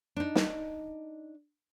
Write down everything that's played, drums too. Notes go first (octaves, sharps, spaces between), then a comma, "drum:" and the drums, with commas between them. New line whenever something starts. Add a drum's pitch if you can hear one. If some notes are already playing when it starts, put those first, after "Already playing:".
D4 D#4
drum: snare